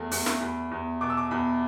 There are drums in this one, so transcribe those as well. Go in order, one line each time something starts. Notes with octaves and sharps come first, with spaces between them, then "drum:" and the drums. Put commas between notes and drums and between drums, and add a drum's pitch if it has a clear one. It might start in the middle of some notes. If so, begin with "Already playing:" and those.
Already playing: E2 A3
E2, drum: open hi-hat
drum: snare
E2 B5
E2
B2 D6
E6
D6
E2 B5